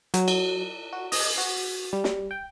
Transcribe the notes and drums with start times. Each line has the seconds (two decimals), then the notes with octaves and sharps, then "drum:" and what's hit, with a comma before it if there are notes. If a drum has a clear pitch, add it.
0.14 F#3, drum: hi-hat
0.28 drum: cymbal
0.93 F#4
1.12 D#5, drum: open hi-hat
1.38 F#4
1.93 G3
2.04 drum: snare
2.31 G5